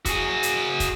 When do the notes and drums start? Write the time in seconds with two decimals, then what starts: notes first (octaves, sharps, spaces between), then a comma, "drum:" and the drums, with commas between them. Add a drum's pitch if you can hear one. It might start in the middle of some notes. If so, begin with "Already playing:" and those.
0.05 F#4 G#4, drum: kick, hi-hat
0.43 drum: hi-hat
0.80 drum: kick, hi-hat